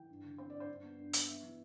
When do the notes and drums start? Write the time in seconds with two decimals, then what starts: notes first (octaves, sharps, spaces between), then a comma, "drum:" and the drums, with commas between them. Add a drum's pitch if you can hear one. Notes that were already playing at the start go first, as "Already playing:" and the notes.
Already playing: E3 G5
0.10 G2
0.23 D3
0.38 C4 C5
0.50 G2 D5
0.60 C5
0.69 G2
0.83 B3
0.99 G2
1.13 B3, drum: hi-hat
1.28 B3 E5
1.43 E3